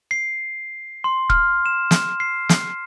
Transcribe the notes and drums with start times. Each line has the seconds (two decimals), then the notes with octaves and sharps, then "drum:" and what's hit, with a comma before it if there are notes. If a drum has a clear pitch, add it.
0.11 C7
1.04 C6
1.30 F6, drum: kick
1.66 E7
1.91 drum: snare
2.20 C7
2.49 drum: snare